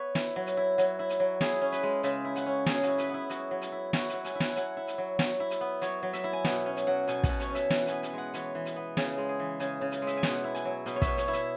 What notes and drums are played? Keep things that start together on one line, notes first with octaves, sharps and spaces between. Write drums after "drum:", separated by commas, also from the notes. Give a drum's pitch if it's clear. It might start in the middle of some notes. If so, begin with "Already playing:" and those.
Already playing: B3 B4 C#5 E5
E4, drum: snare
F#3
drum: hi-hat
E4
F#3, drum: hi-hat
E4
drum: hi-hat
F#3
E4 G#4, drum: snare
C#4
B4, drum: hi-hat
G#3
C#3 E5, drum: hi-hat
E4
F#5, drum: hi-hat
C#4
F#3 G#4, drum: snare
F#4, drum: hi-hat
E4
B4, drum: hi-hat
B3 E4
F#3 F#4, drum: hi-hat
F#3
drum: hi-hat
E4
E4 F#4, drum: snare
F#3 F#5, drum: hi-hat
G#5, drum: hi-hat
E4
F#5, drum: snare
G#5
F#3 F#5, drum: hi-hat
E4
drum: hi-hat
F#3
F#3, drum: snare
E4
drum: hi-hat
B3
F#3 C#5, drum: hi-hat
F#3
E5, drum: hi-hat
E4
G#5
B2 F#5, drum: snare
C#4
drum: hi-hat
F#3 F#5
B2 G#5, drum: hi-hat
F#5, drum: kick, hi-hat
B2
C#5, drum: hi-hat
C#4
E5, drum: hi-hat
E3 F#5, drum: snare
B3 G#5, drum: hi-hat
G#5, drum: hi-hat
G#3 F#5
E3 C#5, drum: hi-hat
E3
drum: hi-hat
B3
C#3 G#4, drum: snare
G#3
G#4
E3
C#3 G#4, drum: hi-hat
C#3
drum: hi-hat
G#3
E5, drum: hi-hat
G#5
B2 F#5, drum: snare
E4
G#5, drum: hi-hat
F#3
B2, drum: hi-hat
C#5
E5, drum: kick, hi-hat
B2
C#5, drum: hi-hat
E4
E5, drum: hi-hat